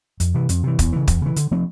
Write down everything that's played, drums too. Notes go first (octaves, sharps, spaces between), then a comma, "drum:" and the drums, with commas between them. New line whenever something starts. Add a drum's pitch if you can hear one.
F2, drum: hi-hat
C3 E3
F2, drum: hi-hat
C3 E3
E2, drum: kick, hi-hat
C#3 E3
E2, drum: kick, hi-hat
C#3 E3
D3, drum: hi-hat
F3 A3 C4